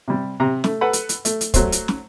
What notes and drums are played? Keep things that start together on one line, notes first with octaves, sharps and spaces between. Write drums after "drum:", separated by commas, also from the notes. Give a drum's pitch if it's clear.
C3 G3
C3 A#5
A3, drum: snare
A4 B4 F#5 B5
drum: hi-hat
drum: hi-hat
A3, drum: hi-hat
drum: hi-hat
F#3 A3 C5, drum: kick, hi-hat
drum: hi-hat
drum: snare